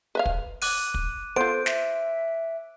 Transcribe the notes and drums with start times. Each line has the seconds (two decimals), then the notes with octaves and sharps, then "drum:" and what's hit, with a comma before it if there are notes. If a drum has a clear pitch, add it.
0.15 B4 E5 F5
0.26 drum: kick
0.62 D6 F#6 D#7, drum: open hi-hat
0.94 drum: kick
1.36 B3 F4 A4 C5 D7
1.66 E5, drum: snare